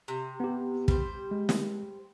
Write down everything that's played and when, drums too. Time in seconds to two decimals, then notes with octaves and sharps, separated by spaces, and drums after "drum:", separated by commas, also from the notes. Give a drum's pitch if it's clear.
0.08 C3
0.40 B3 G4
0.88 G3 C5, drum: kick
1.31 G#3
1.49 drum: snare